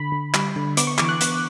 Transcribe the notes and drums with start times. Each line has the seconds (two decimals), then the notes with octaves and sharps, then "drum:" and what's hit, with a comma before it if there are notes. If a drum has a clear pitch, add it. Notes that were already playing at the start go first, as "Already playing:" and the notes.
Already playing: D3 B5
0.12 D3
0.34 G3, drum: clap
0.56 D3
0.77 B3 D6, drum: hi-hat
0.87 C#6
0.98 E3 D6, drum: clap
1.09 F#6
1.21 B3, drum: hi-hat